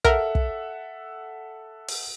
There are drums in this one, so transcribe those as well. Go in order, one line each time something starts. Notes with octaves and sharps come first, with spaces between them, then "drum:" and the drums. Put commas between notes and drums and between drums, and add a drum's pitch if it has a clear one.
A4 A#4 E5 F#5, drum: kick
drum: kick
drum: open hi-hat